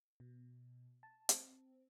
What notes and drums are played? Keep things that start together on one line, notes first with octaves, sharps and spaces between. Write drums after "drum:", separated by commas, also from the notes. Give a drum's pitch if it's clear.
B2
A5
C4, drum: hi-hat